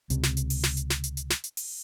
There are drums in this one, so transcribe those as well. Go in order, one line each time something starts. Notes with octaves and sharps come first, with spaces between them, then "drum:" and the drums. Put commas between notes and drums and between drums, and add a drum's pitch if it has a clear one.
C#2 C3, drum: hi-hat
drum: snare
drum: hi-hat
drum: open hi-hat
drum: snare
drum: hi-hat
drum: snare
drum: hi-hat
drum: hi-hat
drum: snare
drum: hi-hat
drum: open hi-hat